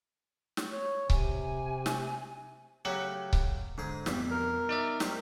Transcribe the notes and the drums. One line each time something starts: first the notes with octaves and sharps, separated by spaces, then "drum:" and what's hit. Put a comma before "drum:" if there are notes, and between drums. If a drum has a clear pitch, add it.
drum: snare
C#5
C3 G#5, drum: kick C#1
drum: snare
C#3 F#3 A3 G4 F#5
drum: kick C#1
G#2 D3 G#4
F2 B2 E3 G3, drum: snare
A#4
D#4 D5 E5
G3 C4 B4, drum: snare